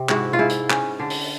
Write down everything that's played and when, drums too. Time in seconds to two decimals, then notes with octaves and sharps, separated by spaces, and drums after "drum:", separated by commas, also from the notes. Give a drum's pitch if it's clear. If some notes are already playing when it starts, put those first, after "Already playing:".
Already playing: C3
0.09 G#2 E4 F#4, drum: clap
0.33 F4
0.39 G#2 E4
0.49 drum: hi-hat
0.70 C#4, drum: clap
1.00 D3
1.10 drum: open hi-hat